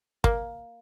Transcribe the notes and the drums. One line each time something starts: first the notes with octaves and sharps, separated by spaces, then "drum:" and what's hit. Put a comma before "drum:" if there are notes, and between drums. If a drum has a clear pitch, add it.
A#3, drum: kick